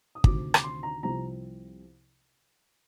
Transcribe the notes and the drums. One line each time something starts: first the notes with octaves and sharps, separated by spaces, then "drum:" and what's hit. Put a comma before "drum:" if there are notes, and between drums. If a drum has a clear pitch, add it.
D#6
D2 C3 D#3 D6, drum: kick
D6, drum: rim click
C6
A#5
C2 C3 F3 C4 A#5